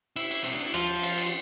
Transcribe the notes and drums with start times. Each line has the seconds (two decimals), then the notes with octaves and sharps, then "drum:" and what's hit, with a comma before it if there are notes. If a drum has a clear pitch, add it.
0.16 E4, drum: cymbal
0.31 drum: cymbal
0.44 C4, drum: cymbal
0.54 D4
0.65 E4
0.74 F3 F4, drum: rim click
1.03 drum: cymbal
1.18 drum: cymbal